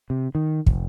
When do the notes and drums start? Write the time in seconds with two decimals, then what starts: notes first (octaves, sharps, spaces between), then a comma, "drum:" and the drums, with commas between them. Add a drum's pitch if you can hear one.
0.10 C3
0.35 D#3
0.66 F1, drum: kick